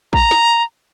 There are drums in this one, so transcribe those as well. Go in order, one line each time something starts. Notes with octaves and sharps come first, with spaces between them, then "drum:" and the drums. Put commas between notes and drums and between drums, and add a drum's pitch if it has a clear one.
A#5, drum: kick
drum: snare